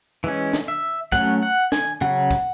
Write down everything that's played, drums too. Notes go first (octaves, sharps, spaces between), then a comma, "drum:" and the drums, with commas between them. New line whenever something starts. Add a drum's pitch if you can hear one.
E3 G#3 C#4
drum: snare
E5
F#3 A3 C#4 F#5, drum: kick, hi-hat
F#5
G#5, drum: snare
C#3 F#3 C#4 F#5
drum: kick, hi-hat